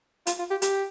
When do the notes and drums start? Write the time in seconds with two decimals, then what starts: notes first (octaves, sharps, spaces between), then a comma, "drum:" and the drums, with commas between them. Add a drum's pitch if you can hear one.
0.27 F4, drum: hi-hat
0.39 F4
0.51 G4
0.62 G4, drum: hi-hat